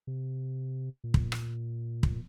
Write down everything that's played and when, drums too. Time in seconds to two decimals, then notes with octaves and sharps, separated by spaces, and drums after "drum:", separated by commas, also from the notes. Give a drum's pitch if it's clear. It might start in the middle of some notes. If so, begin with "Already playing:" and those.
0.07 C3
1.04 A#2
1.14 drum: kick
1.32 drum: rim click
2.03 drum: kick